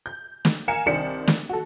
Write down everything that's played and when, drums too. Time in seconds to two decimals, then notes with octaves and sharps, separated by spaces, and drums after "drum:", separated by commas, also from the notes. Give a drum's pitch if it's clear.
0.06 G6
0.45 drum: snare
0.68 A#4 F5 G#5 C#7 E7
0.86 C2 D#3 C4 D4 C#7
1.27 drum: snare
1.49 F#4 A4